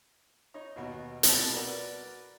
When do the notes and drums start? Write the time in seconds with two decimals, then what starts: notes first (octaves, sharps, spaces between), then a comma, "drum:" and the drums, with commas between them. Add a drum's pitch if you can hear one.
0.54 D#4 C#5
0.76 D#2 B2 F#4
1.23 C2 B2 A5, drum: hi-hat
1.52 F#4 A#4 B4 D5